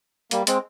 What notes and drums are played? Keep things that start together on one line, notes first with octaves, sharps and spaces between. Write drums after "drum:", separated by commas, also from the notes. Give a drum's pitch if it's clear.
G3 A#3, drum: hi-hat
G#3 C4, drum: hi-hat